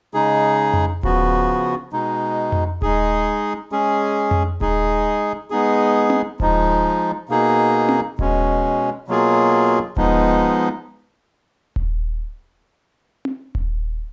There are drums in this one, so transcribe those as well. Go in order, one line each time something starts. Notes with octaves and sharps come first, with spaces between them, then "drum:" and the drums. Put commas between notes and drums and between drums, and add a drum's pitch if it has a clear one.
C#3 G#3 D#4 G#4
drum: tom F2
C#3 F3 B3 F#4, drum: kick D#1
B2 G#3 D#4
drum: tom F2
G#3 D#4 G#4, drum: kick D#1
G#3 C#4 G#4
drum: tom F2
G#3 D#4 G#4, drum: kick D#1
G#3 B3 D#4 G#4
drum: tom C4
F3 G#3 D#4, drum: kick D#1
B2 A#3 D#4 G#4
drum: tom C4
B2 G#3 C#4, drum: kick D#1
B2 F#3 A#3 F4 G#4
F3 G#3 B3 D#4, drum: kick D#1
drum: kick D#1
drum: tom C4
drum: kick D#1